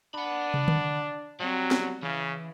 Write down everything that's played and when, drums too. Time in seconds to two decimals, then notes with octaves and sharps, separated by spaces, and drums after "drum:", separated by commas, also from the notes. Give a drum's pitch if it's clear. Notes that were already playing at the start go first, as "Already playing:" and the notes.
0.14 D4 F#5 B5
0.54 drum: tom
0.68 drum: tom D3
1.40 F#3 G3 C4
1.71 drum: snare
2.03 C#3 E3